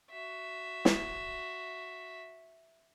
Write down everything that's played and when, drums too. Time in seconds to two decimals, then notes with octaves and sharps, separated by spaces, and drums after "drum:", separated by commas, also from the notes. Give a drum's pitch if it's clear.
0.11 F#4 E5
0.85 drum: snare